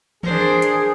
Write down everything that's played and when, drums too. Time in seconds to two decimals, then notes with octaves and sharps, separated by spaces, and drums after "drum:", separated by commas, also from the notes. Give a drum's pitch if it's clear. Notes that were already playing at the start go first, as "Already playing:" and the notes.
0.23 D4 G#4 A#4 C5, drum: tom D#3
0.62 drum: hi-hat